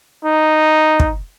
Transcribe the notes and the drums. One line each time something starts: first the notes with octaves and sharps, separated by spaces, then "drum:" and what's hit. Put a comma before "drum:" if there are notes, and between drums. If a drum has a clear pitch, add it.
D#4
drum: kick